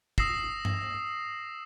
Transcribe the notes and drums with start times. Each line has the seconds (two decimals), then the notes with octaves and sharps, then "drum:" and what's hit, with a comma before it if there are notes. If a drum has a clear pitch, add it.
0.18 D#6 E6 A#6 C7 E7, drum: kick
0.65 drum: tom G2